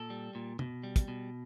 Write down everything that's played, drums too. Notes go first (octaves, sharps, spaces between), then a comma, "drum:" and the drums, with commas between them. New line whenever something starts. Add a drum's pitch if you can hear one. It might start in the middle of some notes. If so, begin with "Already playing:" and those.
Already playing: A#2 A4
G3
A#2
B2, drum: tom
G3
drum: kick, hi-hat
B2